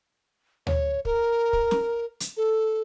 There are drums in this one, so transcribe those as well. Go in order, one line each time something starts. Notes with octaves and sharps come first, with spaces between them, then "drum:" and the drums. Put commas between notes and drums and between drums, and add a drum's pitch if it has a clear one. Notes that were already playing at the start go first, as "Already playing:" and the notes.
C#5, drum: tom D2
A#4, drum: kick
drum: kick
drum: snare
drum: hi-hat
A4